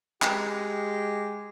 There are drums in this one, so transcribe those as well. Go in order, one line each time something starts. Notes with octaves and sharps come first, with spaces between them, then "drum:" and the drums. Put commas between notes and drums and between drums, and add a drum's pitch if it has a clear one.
G#3 G4, drum: clap